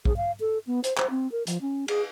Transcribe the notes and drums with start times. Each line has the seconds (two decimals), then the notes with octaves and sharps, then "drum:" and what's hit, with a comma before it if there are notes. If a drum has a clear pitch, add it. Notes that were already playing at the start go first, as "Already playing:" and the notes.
0.05 G#4, drum: kick
0.17 F5
0.40 A4
0.67 B3
0.84 C5, drum: hi-hat
0.97 C5, drum: clap
1.10 C4
1.32 A#4
1.47 F3, drum: hi-hat
1.61 C#4
1.88 G#4, drum: cymbal